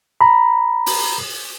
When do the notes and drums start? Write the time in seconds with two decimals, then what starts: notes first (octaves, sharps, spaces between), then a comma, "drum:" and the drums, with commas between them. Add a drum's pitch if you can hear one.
0.21 A#5 B5
0.86 drum: open hi-hat